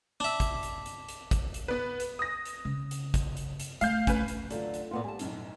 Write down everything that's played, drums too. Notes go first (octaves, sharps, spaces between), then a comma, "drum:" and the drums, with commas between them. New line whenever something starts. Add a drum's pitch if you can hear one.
D4 E5
drum: kick, hi-hat
drum: hi-hat
drum: hi-hat
drum: hi-hat
drum: kick, hi-hat
drum: hi-hat
B3 B4
drum: hi-hat
D#6 A#6
drum: hi-hat
C#3
drum: hi-hat
drum: kick, hi-hat
drum: hi-hat
drum: hi-hat
A3 F5 G6, drum: hi-hat
C#4 B4, drum: kick, hi-hat
drum: hi-hat
D3 F#3 A3 F4, drum: hi-hat
drum: hi-hat
A#2 B3 F4
G3 G#5 A5
B1 F#2 A2, drum: hi-hat